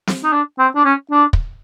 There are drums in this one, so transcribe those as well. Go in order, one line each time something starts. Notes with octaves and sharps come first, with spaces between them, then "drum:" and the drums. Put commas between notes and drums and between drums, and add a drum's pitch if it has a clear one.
drum: snare
D#4
D4
C4
D4
C#4
D4
drum: kick